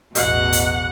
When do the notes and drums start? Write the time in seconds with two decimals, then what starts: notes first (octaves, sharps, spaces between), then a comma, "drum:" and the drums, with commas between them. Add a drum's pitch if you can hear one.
0.15 A1 E2 B2 F#5, drum: hi-hat
0.53 drum: hi-hat